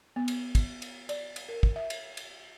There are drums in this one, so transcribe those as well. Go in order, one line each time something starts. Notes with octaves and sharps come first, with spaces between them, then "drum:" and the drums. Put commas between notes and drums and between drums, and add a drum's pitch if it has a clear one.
B3
drum: cymbal
drum: kick, cymbal
drum: cymbal
D5, drum: cymbal
drum: cymbal
A#4
drum: kick
E5
drum: cymbal
drum: cymbal